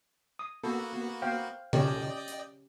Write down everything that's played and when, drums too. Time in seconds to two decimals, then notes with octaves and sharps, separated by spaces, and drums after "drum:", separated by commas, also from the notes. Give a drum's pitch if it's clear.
0.39 D#6
0.64 A#3 B3 F#4 A4
1.22 C5 F5 G5
1.73 C#4 G4 D5 D#5 G5, drum: tom C#3
2.28 drum: hi-hat